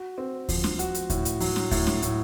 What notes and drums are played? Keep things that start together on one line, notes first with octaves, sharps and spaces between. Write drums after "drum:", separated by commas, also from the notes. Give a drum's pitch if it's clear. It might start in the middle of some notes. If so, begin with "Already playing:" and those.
Already playing: F#4
C4
F3, drum: kick D2, open hi-hat
drum: snare
F#4, drum: hi-hat
drum: hi-hat
A2, drum: kick D2, hi-hat
drum: hi-hat
F#3, drum: open hi-hat
drum: snare
A2, drum: kick D2, open hi-hat
drum: snare
A2, drum: hi-hat